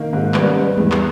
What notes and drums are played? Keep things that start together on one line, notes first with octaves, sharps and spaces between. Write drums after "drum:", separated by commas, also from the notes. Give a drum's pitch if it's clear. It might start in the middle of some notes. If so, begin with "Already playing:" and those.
Already playing: D#3 A#3
G#2
G3 B3, drum: clap
C#4
G3 B3
E2, drum: tom G3
drum: clap